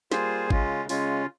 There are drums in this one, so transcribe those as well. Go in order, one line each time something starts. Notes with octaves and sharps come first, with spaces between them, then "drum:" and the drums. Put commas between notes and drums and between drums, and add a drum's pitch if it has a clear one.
G3 A#3 F4 G#4 C5, drum: snare
C#3 G#3 C#4 F4, drum: kick
C#3 G#3 C#4 F4, drum: open hi-hat